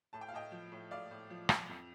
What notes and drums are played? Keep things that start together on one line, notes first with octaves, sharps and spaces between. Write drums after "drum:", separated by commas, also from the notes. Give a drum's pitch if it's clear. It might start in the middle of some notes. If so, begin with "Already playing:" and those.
A2 A5
G5
F5
A2 D#5 G5
F3
A2
A2 D5 F5
A2
F3
F3, drum: rim click
F2